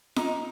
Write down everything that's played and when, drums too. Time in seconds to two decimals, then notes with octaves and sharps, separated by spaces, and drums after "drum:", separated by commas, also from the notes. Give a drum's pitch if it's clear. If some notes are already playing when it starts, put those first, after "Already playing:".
0.16 D#4, drum: snare F4